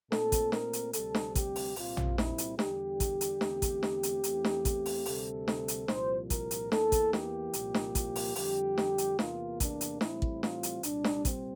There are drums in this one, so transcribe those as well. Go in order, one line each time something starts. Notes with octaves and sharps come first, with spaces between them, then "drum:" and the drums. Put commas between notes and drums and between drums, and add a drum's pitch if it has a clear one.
A#2 A3 C4 A4, drum: snare
drum: kick, hi-hat
A#4, drum: snare
drum: hi-hat
D2 C3 G3 C4 A4, drum: hi-hat
drum: snare
G4, drum: kick, hi-hat
drum: open hi-hat
C2 A#2 G3 C4 F4, drum: open hi-hat
drum: tom
E4, drum: snare
drum: hi-hat
E2 D3 G3 G4, drum: snare
drum: kick, hi-hat
drum: hi-hat
E2 D3 A3 C4, drum: snare
drum: kick, hi-hat
drum: snare
drum: hi-hat
E2 E3 A3 C4, drum: hi-hat
drum: snare
drum: kick, hi-hat
drum: open hi-hat
D2 C3 G3 A4, drum: open hi-hat
drum: snare
drum: hi-hat
C2 A#2 F3 C5, drum: snare
A#4, drum: kick, hi-hat
drum: hi-hat
E2 E3 A#3 A4, drum: snare
drum: kick, hi-hat
G4, drum: snare
C2 A#2 F3 A#3, drum: hi-hat
drum: snare
drum: kick, hi-hat
drum: open hi-hat
F2 D3 G3 G4, drum: open hi-hat
drum: snare
drum: hi-hat
E2 C3 E3 A#3 F4, drum: snare
D4, drum: kick, hi-hat
drum: hi-hat
A2 E3 G3 C4 E4, drum: snare
drum: kick
F4, drum: snare
drum: hi-hat
C2 A#2 G3 D4, drum: hi-hat
drum: snare
C4, drum: kick, hi-hat